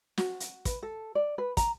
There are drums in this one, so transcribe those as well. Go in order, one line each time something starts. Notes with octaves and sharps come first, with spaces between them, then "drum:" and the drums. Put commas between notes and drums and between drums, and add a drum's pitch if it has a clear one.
F#4, drum: snare
drum: hi-hat
B4, drum: kick, hi-hat
A4
D5
B4
A#5, drum: kick, hi-hat